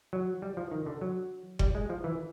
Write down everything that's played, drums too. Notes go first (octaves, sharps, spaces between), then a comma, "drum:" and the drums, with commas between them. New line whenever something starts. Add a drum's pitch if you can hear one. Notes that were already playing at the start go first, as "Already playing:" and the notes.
F#3
G3
F3
D#3
D3
F#3
G3, drum: kick F#1
G#3
F3
E3